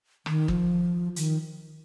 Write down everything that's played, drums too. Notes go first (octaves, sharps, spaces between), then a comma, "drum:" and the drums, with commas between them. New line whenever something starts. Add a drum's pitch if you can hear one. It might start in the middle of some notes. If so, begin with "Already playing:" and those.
D#3, drum: rim click
F3, drum: kick
D#3, drum: hi-hat